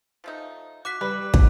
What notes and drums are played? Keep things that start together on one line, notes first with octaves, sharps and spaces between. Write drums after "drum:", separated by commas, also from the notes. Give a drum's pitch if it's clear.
F3 A3 D#4
F#4 D6 F#6 B6
G3 B4
drum: kick